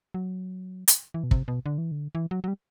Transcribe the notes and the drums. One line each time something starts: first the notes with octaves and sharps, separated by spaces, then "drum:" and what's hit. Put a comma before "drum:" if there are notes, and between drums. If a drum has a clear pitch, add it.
F#3
drum: hi-hat
E3
B2
C3, drum: kick
B2
D3
E3
D3
E3
F#3
F#3
G3